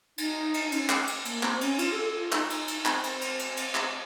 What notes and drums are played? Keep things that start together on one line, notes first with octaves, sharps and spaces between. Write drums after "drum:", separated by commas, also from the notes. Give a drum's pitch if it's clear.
D#4, drum: cymbal
drum: cymbal
D#4
C#4, drum: cymbal
drum: clap
drum: cymbal
A#3, drum: cymbal
C4, drum: clap
C#4, drum: cymbal
F4, drum: cymbal
A4
A4
F4
D#4, drum: clap
drum: cymbal
drum: cymbal
C4, drum: clap
drum: cymbal
drum: cymbal
drum: cymbal
drum: cymbal
drum: clap